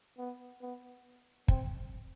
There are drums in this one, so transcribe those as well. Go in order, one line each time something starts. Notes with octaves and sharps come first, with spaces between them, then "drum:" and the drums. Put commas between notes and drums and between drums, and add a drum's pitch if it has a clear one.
B3
B3
C4, drum: kick